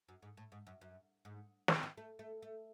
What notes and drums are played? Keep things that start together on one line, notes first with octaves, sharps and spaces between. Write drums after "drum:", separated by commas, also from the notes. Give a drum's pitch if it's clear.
F#2
G#2
A2
G#2
F#2
F#2
G#2
B2, drum: snare
D#3
A3
A3
A3